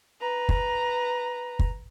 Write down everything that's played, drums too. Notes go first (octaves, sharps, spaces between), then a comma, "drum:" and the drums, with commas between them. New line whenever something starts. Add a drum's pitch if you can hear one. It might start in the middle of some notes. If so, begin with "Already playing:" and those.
B4 A#5
drum: kick
drum: kick